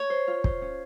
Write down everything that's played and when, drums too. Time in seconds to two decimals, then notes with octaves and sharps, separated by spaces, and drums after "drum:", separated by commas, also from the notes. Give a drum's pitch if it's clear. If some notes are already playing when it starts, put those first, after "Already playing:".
Already playing: C#5
0.10 C5
0.27 F4
0.44 C5, drum: kick
0.62 C#4